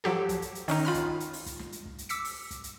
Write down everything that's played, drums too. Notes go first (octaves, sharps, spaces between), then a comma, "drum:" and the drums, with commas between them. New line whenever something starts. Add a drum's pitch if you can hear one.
F3 F#3 G4 A4
drum: kick, hi-hat
drum: hi-hat
drum: hi-hat
D#3 C#4 D#4, drum: open hi-hat
F4 B5 F6
drum: kick, hi-hat
drum: hi-hat
drum: open hi-hat
drum: kick, hi-hat
drum: snare
drum: hi-hat
drum: kick
drum: hi-hat
D6 E6 B6 C#7, drum: hi-hat
drum: open hi-hat
drum: kick, hi-hat
drum: hi-hat